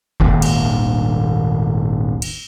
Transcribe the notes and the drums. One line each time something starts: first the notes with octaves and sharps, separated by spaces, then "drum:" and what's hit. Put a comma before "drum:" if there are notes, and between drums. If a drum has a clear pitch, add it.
D#1 G#1 D#2, drum: kick F1
drum: cymbal
drum: cymbal